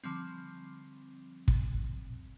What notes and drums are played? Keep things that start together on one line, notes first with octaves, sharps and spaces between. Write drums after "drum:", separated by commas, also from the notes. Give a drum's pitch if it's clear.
D3 F3 G3 C4
drum: kick